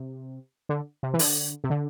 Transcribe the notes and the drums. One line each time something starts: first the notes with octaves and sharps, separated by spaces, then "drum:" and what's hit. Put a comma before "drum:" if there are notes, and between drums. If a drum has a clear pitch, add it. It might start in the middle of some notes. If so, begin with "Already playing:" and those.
Already playing: C3
D3
C3
E3
D3, drum: open hi-hat
C3
D3